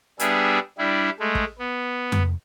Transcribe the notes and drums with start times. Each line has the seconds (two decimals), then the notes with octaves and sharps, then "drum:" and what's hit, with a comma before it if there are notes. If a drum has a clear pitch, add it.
0.19 G3 B3 D4 G#4 E5, drum: hi-hat
0.78 G3 D4 E4
1.20 G#3 A3
1.35 drum: kick
1.58 B3
2.12 drum: tom F2